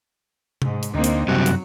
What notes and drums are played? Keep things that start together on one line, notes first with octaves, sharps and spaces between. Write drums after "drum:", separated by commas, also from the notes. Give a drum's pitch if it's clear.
G#2, drum: tom C3
drum: hi-hat
D2 A#3 C4 D#4
drum: hi-hat
F#2 C3 F#3 G3 F#4
drum: hi-hat